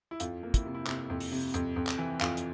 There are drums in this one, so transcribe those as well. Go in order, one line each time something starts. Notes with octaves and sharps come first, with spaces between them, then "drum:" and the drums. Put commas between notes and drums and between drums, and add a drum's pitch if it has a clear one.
E4
F2 F4, drum: hi-hat
A#3
E4, drum: kick, hi-hat
C3
E4
C3, drum: clap
F2
drum: open hi-hat
C3
F2, drum: hi-hat
F2
drum: clap
E3
F2 F4, drum: clap
drum: hi-hat